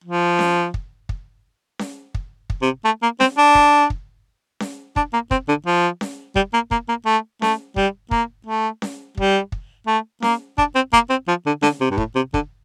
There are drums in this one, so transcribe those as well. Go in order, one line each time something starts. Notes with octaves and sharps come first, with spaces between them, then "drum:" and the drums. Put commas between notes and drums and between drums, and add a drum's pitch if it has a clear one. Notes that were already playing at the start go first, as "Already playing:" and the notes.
F3
drum: snare C#4
drum: kick
drum: kick
drum: snare C#4
drum: kick
drum: kick
C3
A3
A#3
C4, drum: snare C#4
D4
drum: kick
drum: kick
drum: snare C#4
D4, drum: kick
A#3
C4, drum: kick
D3
F3
drum: snare C#4
G3, drum: kick
A#3
A#3, drum: kick
A#3
A3
A3, drum: snare C#4
G3, drum: kick
A#3, drum: kick
A3
drum: snare C#4
G3, drum: kick
drum: kick
A3
A#3, drum: snare C#4
D4, drum: kick
C4
A#3, drum: kick
C4
F3
D3
D3, drum: snare C#4
C3
G2
A2, drum: kick
C3
D3, drum: kick